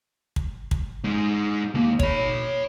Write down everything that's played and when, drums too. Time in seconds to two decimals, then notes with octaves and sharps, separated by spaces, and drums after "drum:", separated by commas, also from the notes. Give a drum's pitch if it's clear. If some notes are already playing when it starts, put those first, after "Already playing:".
0.36 drum: kick
0.71 drum: kick
1.05 G#3 D#4
1.75 D#2 A#3
2.00 C#5 B5, drum: kick